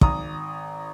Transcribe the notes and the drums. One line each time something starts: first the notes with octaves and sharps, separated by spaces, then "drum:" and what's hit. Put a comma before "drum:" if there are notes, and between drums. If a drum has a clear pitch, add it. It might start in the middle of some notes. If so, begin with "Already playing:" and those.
G#1 A#5 D#6, drum: kick